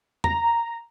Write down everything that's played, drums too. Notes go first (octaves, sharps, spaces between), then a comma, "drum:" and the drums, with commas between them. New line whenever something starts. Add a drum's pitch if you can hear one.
A#5, drum: tom E2